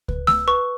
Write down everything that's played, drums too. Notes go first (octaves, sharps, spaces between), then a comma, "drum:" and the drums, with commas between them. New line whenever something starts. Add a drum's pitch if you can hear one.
B4, drum: kick C#2
E6, drum: snare A3
B4 C#6